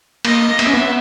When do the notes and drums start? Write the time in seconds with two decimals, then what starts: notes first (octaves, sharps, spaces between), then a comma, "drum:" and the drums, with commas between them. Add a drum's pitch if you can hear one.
0.25 A#3 D#5, drum: cymbal
0.59 B3 E5, drum: cymbal
0.66 C#4
0.73 B3